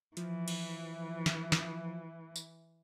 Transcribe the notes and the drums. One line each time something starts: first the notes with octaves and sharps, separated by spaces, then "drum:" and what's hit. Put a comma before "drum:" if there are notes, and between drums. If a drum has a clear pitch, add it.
E3 F3, drum: hi-hat
drum: cymbal
drum: snare
drum: snare
drum: tambourine